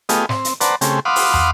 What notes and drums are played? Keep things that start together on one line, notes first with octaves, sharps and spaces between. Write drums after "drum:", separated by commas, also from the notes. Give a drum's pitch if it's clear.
A3 B3 F4 G4 G#4 D#5, drum: hi-hat
C4, drum: snare
drum: hi-hat
B4 C5 D5 F#5 A5 A#5, drum: hi-hat
C#3 A3 C4 G4 G#4, drum: hi-hat
F5 F#5 B5 C6 D6 D#6
drum: open hi-hat
drum: tom